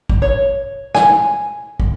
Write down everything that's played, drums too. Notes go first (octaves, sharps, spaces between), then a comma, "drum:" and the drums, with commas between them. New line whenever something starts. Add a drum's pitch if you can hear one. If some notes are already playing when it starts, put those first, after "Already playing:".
drum: kick
C#5
G#5, drum: snare
drum: kick